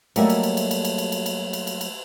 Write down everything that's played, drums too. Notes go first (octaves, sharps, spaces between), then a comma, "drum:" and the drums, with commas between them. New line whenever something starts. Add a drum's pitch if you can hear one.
F#3 G3 A3 A#3 D#5 E5, drum: cymbal
drum: cymbal
drum: cymbal
drum: cymbal
drum: cymbal
drum: cymbal
drum: cymbal
drum: cymbal
drum: cymbal
drum: cymbal
drum: cymbal
drum: cymbal